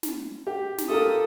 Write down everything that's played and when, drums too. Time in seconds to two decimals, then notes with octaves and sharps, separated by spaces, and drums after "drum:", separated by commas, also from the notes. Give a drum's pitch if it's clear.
0.03 drum: snare
0.47 G4
0.78 drum: snare
0.89 F4 G4 A4 A#4 D#6